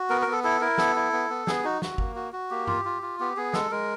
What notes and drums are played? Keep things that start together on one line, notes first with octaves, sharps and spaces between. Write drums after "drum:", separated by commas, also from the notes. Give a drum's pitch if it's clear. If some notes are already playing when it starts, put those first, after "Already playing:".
Already playing: F#4
B3 A#4
A#4
B3 A4
E4 A4
E4 A#4
B3 A4, drum: snare
E4
B3
B3
B3 G#4, drum: snare
D#4 F#4
F#4, drum: snare
A#3, drum: kick
F#4
F#4
A#3 G4
F4, drum: tom G2
F4
F4
B3 G4
B3 G#4
G#3 A4, drum: snare
G#3 A#4